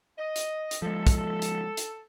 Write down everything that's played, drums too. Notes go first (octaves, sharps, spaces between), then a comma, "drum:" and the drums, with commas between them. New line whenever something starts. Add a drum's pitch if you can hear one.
D#5
drum: hi-hat
drum: hi-hat
F3 G#3 A4
drum: kick, hi-hat
drum: hi-hat
drum: hi-hat